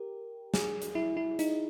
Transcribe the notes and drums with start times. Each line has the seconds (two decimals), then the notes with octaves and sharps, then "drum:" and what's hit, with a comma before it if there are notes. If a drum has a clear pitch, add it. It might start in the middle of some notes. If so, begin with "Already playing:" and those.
Already playing: G4 A#4
0.54 G#4, drum: snare
0.82 drum: hi-hat
0.95 E4
1.17 E4
1.39 D#4, drum: hi-hat